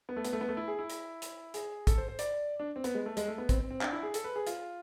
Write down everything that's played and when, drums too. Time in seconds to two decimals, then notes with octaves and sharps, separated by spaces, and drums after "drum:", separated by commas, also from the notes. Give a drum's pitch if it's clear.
0.09 B3
0.16 A3
0.25 B3, drum: hi-hat
0.33 A3
0.41 B3
0.49 A3
0.57 E4
0.68 G#4
0.79 E4
0.90 drum: hi-hat
1.22 drum: hi-hat
1.54 G#4, drum: hi-hat
1.87 A4, drum: kick, hi-hat
1.98 C5
2.08 C5
2.19 D5, drum: hi-hat
2.60 D4
2.76 C4
2.84 B3, drum: hi-hat
2.95 G#3
3.06 A3
3.17 G#3, drum: hi-hat
3.28 A3
3.38 B3
3.49 C4, drum: kick, hi-hat
3.60 C4
3.71 C4
3.81 D4, drum: clap
3.92 E4
4.03 G#4
4.14 A4, drum: hi-hat
4.24 B4
4.36 G#4
4.47 F4, drum: hi-hat